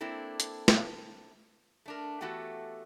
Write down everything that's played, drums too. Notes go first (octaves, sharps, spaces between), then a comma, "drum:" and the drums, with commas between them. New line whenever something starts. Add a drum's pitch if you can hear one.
A#3 C4 D4 E4 A4
drum: hi-hat
drum: snare
A3 D4 A#4
E3 A3 B3 F#4 G4 A4